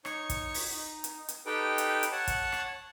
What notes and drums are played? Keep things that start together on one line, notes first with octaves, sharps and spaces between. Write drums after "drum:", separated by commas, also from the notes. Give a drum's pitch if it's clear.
D#4 C#5 C#6, drum: rim click
drum: kick, hi-hat
drum: open hi-hat
D#4
drum: hi-hat
drum: hi-hat
D#4 G4 A4 B4 G5
drum: hi-hat
drum: hi-hat
C#5 F#5 A5
drum: kick, hi-hat
drum: rim click